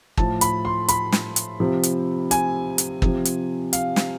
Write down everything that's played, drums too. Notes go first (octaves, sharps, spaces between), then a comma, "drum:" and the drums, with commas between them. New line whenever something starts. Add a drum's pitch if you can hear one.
A2 F3 A5, drum: kick
B5, drum: hi-hat
C6
B5, drum: hi-hat
drum: snare
drum: hi-hat
C3 F3
drum: hi-hat
G#5, drum: hi-hat
drum: hi-hat
C3 F3, drum: kick
drum: hi-hat
F5, drum: hi-hat
drum: snare